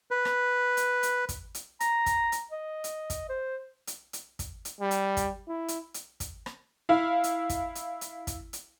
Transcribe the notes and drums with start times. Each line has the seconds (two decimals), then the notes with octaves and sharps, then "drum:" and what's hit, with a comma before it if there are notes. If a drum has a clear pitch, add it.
0.11 B4
0.25 drum: rim click
0.77 drum: hi-hat
1.03 drum: hi-hat
1.29 drum: kick, hi-hat
1.55 drum: hi-hat
1.80 A#5, drum: hi-hat
2.06 drum: kick, hi-hat
2.32 drum: hi-hat
2.51 D#5
2.84 drum: hi-hat
3.10 drum: kick, hi-hat
3.29 C5
3.87 drum: hi-hat
4.13 drum: hi-hat
4.39 drum: kick, hi-hat
4.65 drum: hi-hat
4.80 G3
4.91 drum: hi-hat
5.17 drum: kick, hi-hat
5.48 E4
5.68 drum: hi-hat
5.94 drum: hi-hat
6.20 drum: kick, hi-hat
6.46 drum: rim click
6.89 E4 F5
7.24 drum: hi-hat
7.49 drum: kick, hi-hat
7.75 drum: hi-hat
8.01 drum: hi-hat
8.27 drum: kick, hi-hat
8.53 drum: hi-hat